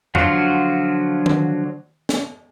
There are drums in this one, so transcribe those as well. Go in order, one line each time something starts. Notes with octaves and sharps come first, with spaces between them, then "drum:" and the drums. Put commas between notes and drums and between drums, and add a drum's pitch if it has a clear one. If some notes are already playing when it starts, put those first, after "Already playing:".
D3 F3 F#3 F4 F#4, drum: tom F2
drum: tom D#3
drum: snare